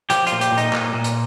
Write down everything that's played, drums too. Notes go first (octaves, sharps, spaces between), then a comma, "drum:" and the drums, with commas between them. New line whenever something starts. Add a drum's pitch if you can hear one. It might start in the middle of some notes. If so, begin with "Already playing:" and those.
F3 G4, drum: hi-hat
F4, drum: hi-hat
A#2
G4, drum: hi-hat
A#2
D#4, drum: hi-hat
A#2, drum: clap
A#2
drum: hi-hat